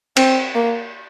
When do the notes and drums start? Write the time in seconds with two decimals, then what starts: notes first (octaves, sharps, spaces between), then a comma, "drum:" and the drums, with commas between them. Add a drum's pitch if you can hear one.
0.17 C4, drum: cymbal
0.55 A#3